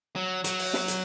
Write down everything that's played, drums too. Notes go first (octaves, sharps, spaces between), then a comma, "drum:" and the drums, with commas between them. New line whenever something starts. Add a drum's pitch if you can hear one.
F#3
F#3, drum: hi-hat
drum: open hi-hat
drum: snare
drum: hi-hat